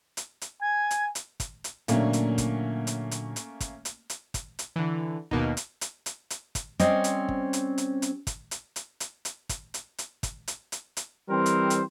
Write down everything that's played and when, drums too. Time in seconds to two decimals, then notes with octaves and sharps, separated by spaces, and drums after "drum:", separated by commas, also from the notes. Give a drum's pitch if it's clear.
0.17 drum: hi-hat
0.42 drum: hi-hat
0.62 G#5 G#6
0.91 drum: hi-hat
1.15 drum: hi-hat
1.40 drum: kick, hi-hat
1.64 drum: hi-hat
1.88 A#2 D3 F#3 A3 A#3 C#4, drum: hi-hat
2.13 drum: hi-hat
2.38 drum: kick, hi-hat
2.87 drum: hi-hat
3.11 drum: hi-hat
3.36 drum: hi-hat
3.60 drum: kick, hi-hat
3.85 drum: hi-hat
4.10 drum: hi-hat
4.34 drum: kick, hi-hat
4.59 drum: hi-hat
4.76 D3 E3
5.31 D#2 B2 A#3 B3 D#4, drum: kick
5.57 drum: hi-hat
5.81 drum: hi-hat
6.06 drum: hi-hat
6.30 drum: hi-hat
6.55 drum: kick, hi-hat
6.79 G3 C4 C#4 C5 D#5, drum: hi-hat
7.04 drum: hi-hat
7.29 drum: kick
7.53 drum: hi-hat
7.78 drum: hi-hat
8.02 drum: hi-hat
8.27 drum: kick, hi-hat
8.51 drum: hi-hat
8.76 drum: hi-hat
9.00 drum: hi-hat
9.25 drum: hi-hat
9.49 drum: kick, hi-hat
9.74 drum: hi-hat
9.98 drum: hi-hat
10.23 drum: kick, hi-hat
10.48 drum: hi-hat
10.72 drum: hi-hat
10.97 drum: hi-hat
11.29 E3 G3 C4 A#4 C5
11.46 drum: hi-hat
11.70 drum: hi-hat